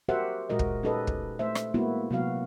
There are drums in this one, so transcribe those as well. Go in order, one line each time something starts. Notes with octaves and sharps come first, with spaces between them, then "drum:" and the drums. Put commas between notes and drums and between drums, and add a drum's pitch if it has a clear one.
F#4 G4 A#4 C5 E5 F#5
A#2 G#3 F#4 A#4 D#5
drum: kick
C#4 D#4 G4 A4 B4 D#5
drum: kick
A3 C5 E5
drum: rim click
G#3 A#3 B3 E4 F#4
C3 F#3 B3 F#4 F5